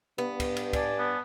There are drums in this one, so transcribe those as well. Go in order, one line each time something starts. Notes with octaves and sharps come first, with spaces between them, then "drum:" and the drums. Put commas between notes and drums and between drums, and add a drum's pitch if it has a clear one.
G2 B3
drum: kick, cymbal
drum: cymbal
D5 G#5 A5, drum: kick, cymbal
B3